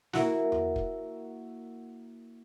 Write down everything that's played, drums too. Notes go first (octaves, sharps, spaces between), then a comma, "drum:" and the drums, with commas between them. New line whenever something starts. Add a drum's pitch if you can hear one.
A#3 E4 F#4, drum: snare
drum: tom E2
drum: kick